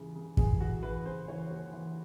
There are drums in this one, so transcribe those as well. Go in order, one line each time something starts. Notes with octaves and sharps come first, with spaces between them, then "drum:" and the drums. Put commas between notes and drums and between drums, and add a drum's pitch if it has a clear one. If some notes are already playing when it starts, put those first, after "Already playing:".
Already playing: D#2 C#3 E3
C#3
E3 G#4, drum: kick
E3 F#4
E3 B4
C#3 C5
E3 C#5
D#2
E3